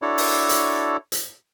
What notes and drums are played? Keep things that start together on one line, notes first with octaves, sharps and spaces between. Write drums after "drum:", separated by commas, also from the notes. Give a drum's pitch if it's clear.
D4 E4 F#4 A4 C#5 D5
drum: open hi-hat
drum: hi-hat
drum: hi-hat